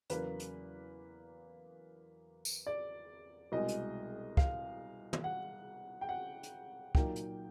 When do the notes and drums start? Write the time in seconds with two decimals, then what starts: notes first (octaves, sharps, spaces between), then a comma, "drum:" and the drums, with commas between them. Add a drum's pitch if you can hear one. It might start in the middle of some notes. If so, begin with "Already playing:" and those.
0.10 E2 C#3 F#3 A#3 B4, drum: hi-hat
0.40 drum: hi-hat
2.45 drum: tambourine
2.67 D5
3.52 C2 B2 G#3 D#5
3.68 drum: hi-hat
4.37 F5, drum: kick
5.13 drum: tom
5.24 F#5
6.01 G5
6.09 F#5
6.43 drum: hi-hat
6.95 A#2 F#3 A#3 D#4 G5, drum: kick
7.16 drum: hi-hat